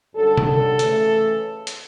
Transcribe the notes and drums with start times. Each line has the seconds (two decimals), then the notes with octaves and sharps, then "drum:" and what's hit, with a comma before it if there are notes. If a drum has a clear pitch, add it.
0.15 F#2 D3 G3 A4
0.38 drum: tom C3
0.47 A4
0.79 C#3 E3 A3, drum: hi-hat
1.67 drum: hi-hat